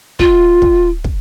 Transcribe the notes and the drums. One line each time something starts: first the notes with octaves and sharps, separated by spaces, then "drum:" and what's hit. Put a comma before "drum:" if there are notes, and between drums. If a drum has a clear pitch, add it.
F4, drum: kick
drum: kick
drum: kick